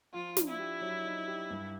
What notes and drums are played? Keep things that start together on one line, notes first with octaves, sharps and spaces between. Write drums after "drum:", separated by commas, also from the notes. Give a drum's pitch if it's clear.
F3 F4
D4, drum: snare
E4
G4
F#3
D#4
G4
G2